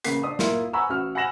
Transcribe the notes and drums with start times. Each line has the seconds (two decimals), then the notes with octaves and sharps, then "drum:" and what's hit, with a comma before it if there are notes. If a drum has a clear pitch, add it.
0.04 A1 C#3 A#3 B6 C7, drum: hi-hat
0.23 D4 D#6
0.39 A#3 E4 F4, drum: snare
0.73 F#5 G#5 A#5 B5 C#6 E6
0.89 A1 F#4 F6
1.15 F#5 G#5 B5 A#6 E7 F#7